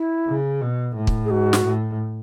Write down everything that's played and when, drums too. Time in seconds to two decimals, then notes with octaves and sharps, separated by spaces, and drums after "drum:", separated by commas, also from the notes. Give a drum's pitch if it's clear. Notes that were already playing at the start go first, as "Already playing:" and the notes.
Already playing: E4
0.28 C#3
0.61 B2
0.96 A2
1.07 drum: kick
1.25 G#4
1.30 G#2 F#4
1.53 drum: snare
1.64 A2